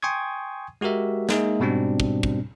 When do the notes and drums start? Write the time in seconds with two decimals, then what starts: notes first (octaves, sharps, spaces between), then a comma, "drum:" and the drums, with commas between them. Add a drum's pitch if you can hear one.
0.02 G5 G#5 C6 C#6 D#6 G#6
0.81 G#3 F#4 G4 A#4 E5
1.29 G#3 A#3 D#4 G#4 E5, drum: snare
1.60 G#2 B2 G3 C4 D4
2.00 drum: kick
2.23 drum: kick